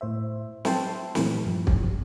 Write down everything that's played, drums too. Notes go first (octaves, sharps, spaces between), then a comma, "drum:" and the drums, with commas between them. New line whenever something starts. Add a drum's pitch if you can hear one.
A2 C5 E5
C5 E5 G5 A5 C6, drum: snare
A#2 E3 A3, drum: snare
G2 F3
drum: kick